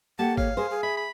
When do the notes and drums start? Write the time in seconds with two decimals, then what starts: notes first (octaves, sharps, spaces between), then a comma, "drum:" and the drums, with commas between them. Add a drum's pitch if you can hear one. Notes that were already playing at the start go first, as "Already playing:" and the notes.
0.19 A#3 G4 A4 F#5 A5
0.37 C#5 F5, drum: kick G#1
0.57 G#4 A#4 C5
0.70 G#4
0.83 E5 B5
0.97 B5